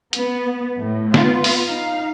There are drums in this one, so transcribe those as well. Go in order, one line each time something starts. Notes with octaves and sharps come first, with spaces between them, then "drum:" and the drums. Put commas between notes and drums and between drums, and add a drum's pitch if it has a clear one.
B3, drum: hi-hat
A2
B3 F4, drum: snare
drum: open hi-hat
D#4 F5